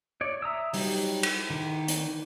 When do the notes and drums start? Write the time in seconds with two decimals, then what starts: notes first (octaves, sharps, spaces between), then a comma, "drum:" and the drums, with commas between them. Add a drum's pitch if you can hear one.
0.21 C#5 D5
0.42 E5 A#5 D#6 E6
0.73 F#3 G3 D#4 G4, drum: open hi-hat
1.23 drum: cymbal
1.50 D#3
1.88 drum: hi-hat